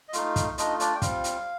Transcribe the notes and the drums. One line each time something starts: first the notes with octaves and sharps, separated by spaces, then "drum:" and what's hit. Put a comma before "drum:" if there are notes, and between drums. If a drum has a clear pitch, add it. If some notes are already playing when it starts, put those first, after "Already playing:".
D#5
A3 D#4 F4 F5, drum: hi-hat
drum: kick, hi-hat
A3 D4 D#4 F4 D#5, drum: hi-hat
D4 D5, drum: hi-hat
G5
G3 C4 F4 F5, drum: kick, hi-hat
drum: hi-hat